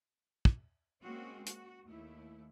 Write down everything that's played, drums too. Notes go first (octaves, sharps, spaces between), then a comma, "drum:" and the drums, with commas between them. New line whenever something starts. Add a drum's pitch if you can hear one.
drum: kick
G#3 A#3 C4 C#4 F#4
F#4, drum: hi-hat
D#2 A3 E4